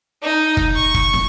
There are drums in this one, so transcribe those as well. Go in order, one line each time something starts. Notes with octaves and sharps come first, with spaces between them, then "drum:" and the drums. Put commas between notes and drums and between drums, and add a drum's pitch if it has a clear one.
D#4
drum: kick
C#6
drum: kick
drum: snare